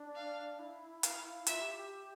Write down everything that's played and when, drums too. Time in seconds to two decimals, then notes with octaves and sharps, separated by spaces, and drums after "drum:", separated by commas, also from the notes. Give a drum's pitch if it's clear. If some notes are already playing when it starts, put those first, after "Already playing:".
Already playing: D4
0.15 F5
0.59 E4
1.03 F5, drum: hi-hat
1.46 F4 E5, drum: hi-hat
1.61 G4
1.76 G4